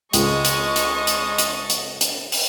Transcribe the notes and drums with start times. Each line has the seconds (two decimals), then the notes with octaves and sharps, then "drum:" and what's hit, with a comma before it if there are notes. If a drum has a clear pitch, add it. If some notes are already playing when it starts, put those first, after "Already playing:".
0.13 C#2 G#3 D#5 A5 C#6, drum: hi-hat
0.45 drum: hi-hat
0.76 drum: hi-hat
1.07 drum: hi-hat
1.38 drum: hi-hat
1.70 drum: hi-hat
2.01 drum: hi-hat
2.32 drum: open hi-hat